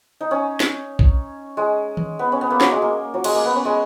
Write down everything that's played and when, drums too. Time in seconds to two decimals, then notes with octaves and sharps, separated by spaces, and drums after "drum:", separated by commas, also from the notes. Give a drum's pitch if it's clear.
0.21 D#4
0.31 C#4
0.60 drum: snare
0.99 drum: kick A#1
1.57 G#3
1.97 drum: tom D#3
2.19 B3
2.32 C#4
2.41 B3
2.50 A#3
2.61 F#3, drum: snare
2.71 G#3
2.82 A#3
3.14 F#3
3.24 G#3, drum: cymbal
3.34 A#3
3.44 B3
3.55 C#4
3.65 G#3